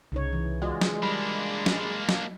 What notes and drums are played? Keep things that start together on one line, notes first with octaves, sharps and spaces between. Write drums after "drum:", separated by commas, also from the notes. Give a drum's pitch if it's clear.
C2 C#3 D#4 C#5
E3
G#3 F4 F#4 D5
drum: snare
G3 A#3 D4 B5
drum: snare
drum: snare